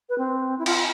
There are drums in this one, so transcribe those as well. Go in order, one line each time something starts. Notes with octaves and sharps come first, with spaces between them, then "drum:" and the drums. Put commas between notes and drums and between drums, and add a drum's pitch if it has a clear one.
B4
C4
E4
F4, drum: cymbal